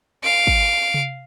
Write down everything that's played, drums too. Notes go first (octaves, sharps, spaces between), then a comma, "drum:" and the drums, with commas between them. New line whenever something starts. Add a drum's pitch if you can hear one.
F5 D7
drum: kick
drum: tom C3